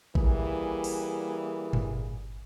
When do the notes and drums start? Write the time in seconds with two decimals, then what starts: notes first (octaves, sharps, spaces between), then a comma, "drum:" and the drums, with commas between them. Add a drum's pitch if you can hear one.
0.15 E3 G3 A#3 G#4, drum: kick A1
0.84 drum: open hi-hat
1.73 G1, drum: tom A2